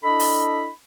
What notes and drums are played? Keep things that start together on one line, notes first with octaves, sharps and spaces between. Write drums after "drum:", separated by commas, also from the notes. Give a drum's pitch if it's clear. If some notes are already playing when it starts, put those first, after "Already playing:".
D4 E4 A4 D#5 B5
drum: open hi-hat